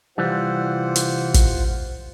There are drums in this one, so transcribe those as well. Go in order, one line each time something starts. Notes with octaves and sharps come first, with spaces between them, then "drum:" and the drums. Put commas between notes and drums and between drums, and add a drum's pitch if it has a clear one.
C2 E3 G3 F4 C5 F#5
drum: hi-hat
drum: kick, hi-hat